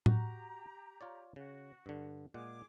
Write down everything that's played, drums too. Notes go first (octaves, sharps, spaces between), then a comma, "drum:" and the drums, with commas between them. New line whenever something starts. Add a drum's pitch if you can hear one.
F#4 G4 A#5, drum: tom A2
F4 C#5 D5
C#3 F#4
G2 D3
A#2 G#3 G#4 F#5 D6